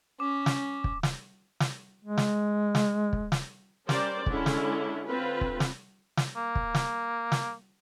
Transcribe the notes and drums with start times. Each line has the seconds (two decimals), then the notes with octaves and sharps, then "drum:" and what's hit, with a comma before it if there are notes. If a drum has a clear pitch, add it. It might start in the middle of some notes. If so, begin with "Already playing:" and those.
0.20 C#4 D6
0.46 drum: snare
0.84 drum: kick
1.03 drum: snare
1.60 drum: snare
2.05 G#3
2.18 drum: snare
2.75 drum: snare
3.13 drum: kick
3.32 drum: snare
3.89 G3 C#4 A#4 C5 D5, drum: snare
4.26 D3 G#3 C#4 D4 E4, drum: kick
4.46 drum: snare
5.07 D3 C4 F4 B4
5.41 drum: kick
5.60 drum: snare
6.17 drum: snare
6.37 A#3
6.55 drum: kick
6.74 drum: snare
7.32 drum: snare